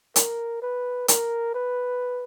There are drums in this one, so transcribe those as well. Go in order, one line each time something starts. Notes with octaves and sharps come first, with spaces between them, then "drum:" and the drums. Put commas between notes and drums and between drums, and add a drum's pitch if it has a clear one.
A#4, drum: hi-hat
B4
A#4, drum: hi-hat
B4